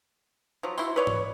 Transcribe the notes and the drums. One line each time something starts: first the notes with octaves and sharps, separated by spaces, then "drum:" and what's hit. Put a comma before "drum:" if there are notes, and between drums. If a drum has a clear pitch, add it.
F3 F#3
E4 F#4 C6, drum: tambourine
B4 C#5 D5
drum: tom G#2